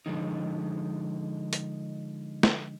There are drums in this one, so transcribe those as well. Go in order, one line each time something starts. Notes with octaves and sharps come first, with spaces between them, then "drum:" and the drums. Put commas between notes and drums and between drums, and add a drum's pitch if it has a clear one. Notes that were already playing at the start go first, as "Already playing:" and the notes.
D3 F3 G#3 D#4
drum: hi-hat
drum: snare